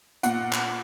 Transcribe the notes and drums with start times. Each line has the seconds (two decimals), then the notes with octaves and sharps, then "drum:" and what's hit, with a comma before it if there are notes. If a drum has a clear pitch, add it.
0.23 A#2 F#5, drum: hi-hat
0.53 drum: clap